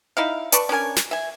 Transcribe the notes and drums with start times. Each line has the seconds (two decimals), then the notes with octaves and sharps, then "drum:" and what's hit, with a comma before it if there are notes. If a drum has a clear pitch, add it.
0.17 D#4 E4 F5
0.52 B4 D5 A5 C#6, drum: hi-hat
0.69 C#4 D4 A#4 G#5
0.97 drum: snare
1.11 E5 G#5